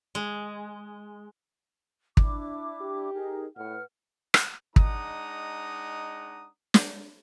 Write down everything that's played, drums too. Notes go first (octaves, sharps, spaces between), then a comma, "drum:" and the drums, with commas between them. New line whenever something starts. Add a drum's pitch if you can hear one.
G#3
D4 E4 D6, drum: kick
G4
D#4 G#4 A#4
A2 B4 F#5 F6
drum: rim click
G#3 D4 D#4 F#5 A#5 D#6, drum: kick
drum: snare